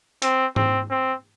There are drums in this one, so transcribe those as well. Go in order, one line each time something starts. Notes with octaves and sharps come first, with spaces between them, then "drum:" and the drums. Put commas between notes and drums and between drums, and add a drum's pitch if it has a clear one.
C4, drum: hi-hat
C4, drum: tom G#2
C4